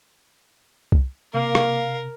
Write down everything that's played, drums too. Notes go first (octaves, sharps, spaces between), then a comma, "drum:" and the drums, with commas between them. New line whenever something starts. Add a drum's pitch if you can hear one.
drum: kick C2
C3 A#3 A#4 F5
drum: rim click